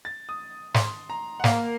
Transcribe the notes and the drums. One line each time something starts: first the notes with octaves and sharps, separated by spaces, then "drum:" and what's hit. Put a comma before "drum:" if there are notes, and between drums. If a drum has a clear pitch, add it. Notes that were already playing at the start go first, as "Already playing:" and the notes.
A6
D#6
C6, drum: snare
A#5
F#5
A#3 F5, drum: snare